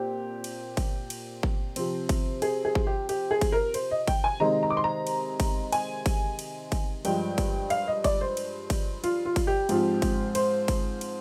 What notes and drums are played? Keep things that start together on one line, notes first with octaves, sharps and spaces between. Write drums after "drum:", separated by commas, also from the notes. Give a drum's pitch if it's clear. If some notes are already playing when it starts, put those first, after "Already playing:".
Already playing: A#2 C4 G4
drum: cymbal
drum: kick G1, cymbal
drum: cymbal
drum: kick G1
C3 F3 C4, drum: cymbal
drum: kick G1, cymbal
G#4, drum: cymbal
G#4
drum: kick G1
G4
G4, drum: cymbal
G#4
drum: kick G1, cymbal
A#4
C5, drum: cymbal
D#5
G5, drum: kick G1, cymbal
G#5
C3 D#3 G#3 C4 D#4 A#5
A#5
D6
C6
A#5
drum: cymbal
drum: kick G1, cymbal
G#5, drum: cymbal
drum: kick G1, cymbal
drum: cymbal
drum: kick G1, cymbal
G2 F3 G#3 G5, drum: cymbal
drum: kick G1, cymbal
F5, drum: cymbal
D#5
D5, drum: kick G1, cymbal
C5
drum: cymbal
drum: kick G1, cymbal
F4, drum: cymbal
F4
drum: kick G1, cymbal
G4
G#2 F3 C4 F4, drum: cymbal
drum: kick G1, cymbal
C5, drum: cymbal
drum: kick G1, cymbal
drum: cymbal